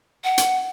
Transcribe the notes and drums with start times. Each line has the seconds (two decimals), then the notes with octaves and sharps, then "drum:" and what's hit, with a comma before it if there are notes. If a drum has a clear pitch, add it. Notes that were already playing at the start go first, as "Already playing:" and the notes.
0.24 F#5
0.38 drum: hi-hat